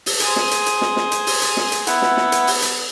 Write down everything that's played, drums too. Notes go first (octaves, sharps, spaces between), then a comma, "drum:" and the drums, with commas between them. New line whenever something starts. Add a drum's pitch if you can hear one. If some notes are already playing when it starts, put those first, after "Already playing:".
drum: open hi-hat
G#4 C5, drum: hi-hat
drum: snare
drum: hi-hat
drum: hi-hat
drum: snare
drum: snare
drum: hi-hat
drum: open hi-hat
drum: hi-hat
drum: snare
drum: hi-hat
B3 E4 F#5, drum: hi-hat
drum: snare
drum: snare
drum: hi-hat
drum: open hi-hat
drum: hi-hat